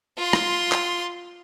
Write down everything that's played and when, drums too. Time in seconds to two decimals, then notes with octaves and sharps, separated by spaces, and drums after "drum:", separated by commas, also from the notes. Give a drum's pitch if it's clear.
0.18 F4 C6
0.33 drum: rim click
0.72 drum: clap